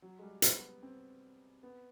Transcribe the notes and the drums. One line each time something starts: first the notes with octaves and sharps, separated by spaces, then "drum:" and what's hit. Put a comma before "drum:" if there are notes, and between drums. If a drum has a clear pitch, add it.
F#3
G#3
G3
B3, drum: hi-hat
C4
B3